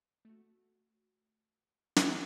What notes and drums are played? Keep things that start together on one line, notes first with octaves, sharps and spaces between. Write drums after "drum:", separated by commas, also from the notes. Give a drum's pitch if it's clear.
A3 F#4
drum: snare